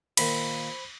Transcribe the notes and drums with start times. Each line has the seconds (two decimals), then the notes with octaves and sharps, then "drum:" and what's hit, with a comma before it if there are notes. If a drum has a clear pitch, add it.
0.17 A#2 D#3 A#3 C5 B5, drum: cymbal